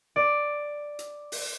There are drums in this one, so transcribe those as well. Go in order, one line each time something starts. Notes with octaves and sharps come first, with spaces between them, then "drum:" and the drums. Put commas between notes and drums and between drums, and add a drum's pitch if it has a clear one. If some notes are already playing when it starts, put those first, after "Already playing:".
D5
drum: hi-hat
drum: open hi-hat